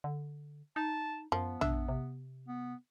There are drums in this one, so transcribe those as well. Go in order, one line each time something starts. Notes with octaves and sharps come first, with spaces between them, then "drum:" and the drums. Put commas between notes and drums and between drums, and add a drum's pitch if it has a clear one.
D3
D#4 A5
F#2 F3 B3
D4 E5, drum: tom
C3
B3